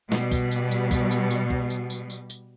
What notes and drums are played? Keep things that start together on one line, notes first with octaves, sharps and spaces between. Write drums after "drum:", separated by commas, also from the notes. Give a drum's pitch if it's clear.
B2 G3, drum: snare
drum: kick, tambourine
drum: tambourine
drum: tambourine
drum: kick, tambourine
drum: tambourine
drum: tambourine
drum: kick
drum: tambourine
drum: tambourine
drum: tambourine
drum: tambourine